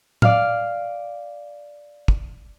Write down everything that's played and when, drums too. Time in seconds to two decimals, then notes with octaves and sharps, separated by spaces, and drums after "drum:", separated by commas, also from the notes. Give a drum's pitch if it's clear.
0.22 D5 F5 F6, drum: tom A2
2.08 drum: kick